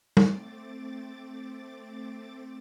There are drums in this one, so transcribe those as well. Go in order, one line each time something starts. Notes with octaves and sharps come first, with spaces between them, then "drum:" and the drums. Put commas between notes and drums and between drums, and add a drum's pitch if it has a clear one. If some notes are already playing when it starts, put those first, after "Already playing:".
A3 C4 D6 A6, drum: tom